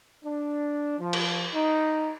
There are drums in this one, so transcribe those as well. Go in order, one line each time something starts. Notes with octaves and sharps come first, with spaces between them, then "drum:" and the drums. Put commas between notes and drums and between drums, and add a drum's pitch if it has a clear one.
D4
F3
drum: cymbal
D#4